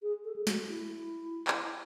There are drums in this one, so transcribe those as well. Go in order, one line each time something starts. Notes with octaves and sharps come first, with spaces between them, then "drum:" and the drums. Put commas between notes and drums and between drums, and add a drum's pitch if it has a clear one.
G#4
A4
G#4
F#4, drum: snare
E4
drum: clap